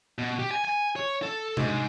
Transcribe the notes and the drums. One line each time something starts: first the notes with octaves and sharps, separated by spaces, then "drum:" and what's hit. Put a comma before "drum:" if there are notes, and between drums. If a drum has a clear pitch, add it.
B2
G4
G#5
G#5
C#5
A4
G#2, drum: tom C3